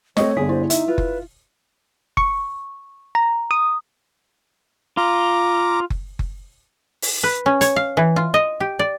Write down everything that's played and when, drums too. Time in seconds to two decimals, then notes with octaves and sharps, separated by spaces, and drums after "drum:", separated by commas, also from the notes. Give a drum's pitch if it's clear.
0.17 A3 C4 C#5 D#5 C#6, drum: snare
0.37 G1 D3 G#4 B6
0.49 E4 C5
0.70 D#4 E5, drum: hi-hat
0.88 F4 B4
0.98 drum: kick F#1
2.17 C#6, drum: kick F#1
3.15 A#5
3.51 D#6
4.97 F4 A#5 D6
5.90 drum: kick F#1
6.19 drum: kick F#1
7.02 drum: open hi-hat
7.23 B4
7.46 C#4
7.61 C#5, drum: hi-hat
7.76 F5
7.97 E3
8.16 F4
8.34 D#5
8.60 G4
8.79 D5